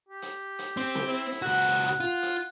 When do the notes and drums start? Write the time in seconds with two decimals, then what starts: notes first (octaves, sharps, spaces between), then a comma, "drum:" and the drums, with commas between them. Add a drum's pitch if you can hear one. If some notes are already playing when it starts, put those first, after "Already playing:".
0.09 G4
0.22 drum: hi-hat
0.59 drum: hi-hat
0.77 C4, drum: hi-hat
0.95 drum: snare C4
1.06 E4
1.32 drum: hi-hat
1.42 C#2 F#4 F#5
1.68 drum: hi-hat
1.86 drum: hi-hat
2.00 F4
2.23 drum: hi-hat